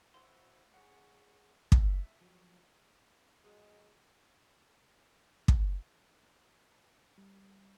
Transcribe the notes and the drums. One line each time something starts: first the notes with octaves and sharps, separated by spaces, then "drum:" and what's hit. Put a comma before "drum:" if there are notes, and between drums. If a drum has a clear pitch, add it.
E4 F#4 C5 F5 C6
G#4 C#5 F#5
E5, drum: kick
F3 F#3
F#3 G#3
drum: kick
G3